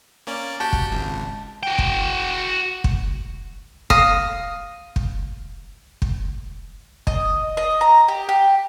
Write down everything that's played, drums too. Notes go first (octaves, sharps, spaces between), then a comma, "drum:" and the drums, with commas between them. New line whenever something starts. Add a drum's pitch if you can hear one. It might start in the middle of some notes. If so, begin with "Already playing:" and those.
A#3 C#4 D5
F#4 G4 G5 A5
drum: kick
G#1 C#2
F#4 G5
drum: kick
drum: kick
F5 D#6 F6 A#6, drum: kick
drum: kick
drum: kick
D#5, drum: kick
D#5
A#5
G4
G4